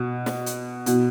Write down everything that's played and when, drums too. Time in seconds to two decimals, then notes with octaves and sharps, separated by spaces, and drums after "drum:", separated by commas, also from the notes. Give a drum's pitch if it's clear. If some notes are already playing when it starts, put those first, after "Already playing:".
Already playing: B2
0.26 drum: snare
0.46 drum: hi-hat
0.86 B2, drum: hi-hat